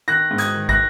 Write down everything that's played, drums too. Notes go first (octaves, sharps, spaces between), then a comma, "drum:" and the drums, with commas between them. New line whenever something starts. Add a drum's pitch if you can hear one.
D#3 F#6 A#6
G#2
D#6 G#6, drum: hi-hat
D#3
F#6 A#6, drum: kick